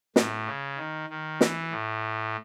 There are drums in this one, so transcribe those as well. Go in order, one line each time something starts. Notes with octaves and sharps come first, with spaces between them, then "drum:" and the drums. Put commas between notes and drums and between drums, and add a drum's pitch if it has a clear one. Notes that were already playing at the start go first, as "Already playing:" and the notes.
A2, drum: snare
C#3
D#3
D#3
E3, drum: snare
A2